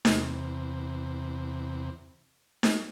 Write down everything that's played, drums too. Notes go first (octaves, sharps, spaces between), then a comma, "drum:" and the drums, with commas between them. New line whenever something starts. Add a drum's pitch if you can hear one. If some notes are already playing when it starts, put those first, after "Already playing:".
E2 C3, drum: snare D#4
drum: snare D#4